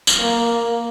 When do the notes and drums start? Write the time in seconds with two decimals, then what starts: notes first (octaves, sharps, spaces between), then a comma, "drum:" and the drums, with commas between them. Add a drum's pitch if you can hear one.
0.07 drum: tambourine
0.20 A#3